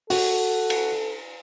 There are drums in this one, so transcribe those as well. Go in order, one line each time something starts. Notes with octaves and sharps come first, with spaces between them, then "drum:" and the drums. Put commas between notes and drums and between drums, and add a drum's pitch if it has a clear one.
F#4 A4, drum: open hi-hat
drum: cymbal